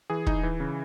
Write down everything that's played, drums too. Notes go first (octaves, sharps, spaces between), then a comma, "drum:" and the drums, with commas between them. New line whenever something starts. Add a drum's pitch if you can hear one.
E3 G#4
E3 D#4, drum: kick
E3
C#3